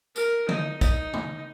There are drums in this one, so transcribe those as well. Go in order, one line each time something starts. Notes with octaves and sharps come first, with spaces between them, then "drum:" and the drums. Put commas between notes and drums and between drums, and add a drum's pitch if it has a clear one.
A#4, drum: tambourine
D#4, drum: tom D3
D#4, drum: kick, tambourine
drum: tom C#3